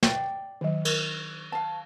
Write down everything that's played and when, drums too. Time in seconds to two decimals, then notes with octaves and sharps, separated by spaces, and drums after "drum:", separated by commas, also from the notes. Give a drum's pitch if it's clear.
0.03 D5 G5, drum: snare
0.61 D#3 F#3
0.85 A#4, drum: cymbal
1.52 F5 A5